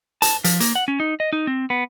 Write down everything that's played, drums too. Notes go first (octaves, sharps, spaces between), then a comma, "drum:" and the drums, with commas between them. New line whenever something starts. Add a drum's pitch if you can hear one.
A5, drum: hi-hat
F3, drum: hi-hat
A#3, drum: hi-hat
F#5
C#4
D#4
D#5
D#4
C4
B3